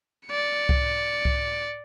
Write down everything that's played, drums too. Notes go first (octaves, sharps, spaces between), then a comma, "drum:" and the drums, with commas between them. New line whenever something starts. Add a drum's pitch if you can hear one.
D5 C#7
drum: kick C2
drum: kick C2